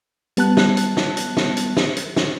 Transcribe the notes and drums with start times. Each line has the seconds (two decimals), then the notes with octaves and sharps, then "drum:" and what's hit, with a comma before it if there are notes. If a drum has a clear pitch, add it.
0.37 G3 B3 A5 F#6, drum: hi-hat
0.57 drum: snare
0.77 drum: hi-hat
0.97 drum: snare
1.17 drum: hi-hat
1.37 drum: snare
1.57 drum: hi-hat
1.77 drum: snare
1.97 drum: hi-hat
2.16 drum: snare